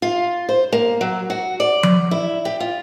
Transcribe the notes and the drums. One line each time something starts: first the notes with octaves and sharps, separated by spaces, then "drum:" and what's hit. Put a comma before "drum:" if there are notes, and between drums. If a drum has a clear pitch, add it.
F4
C5
A#3
F#3
F#4
D5
drum: tom F3
E4
G4
F4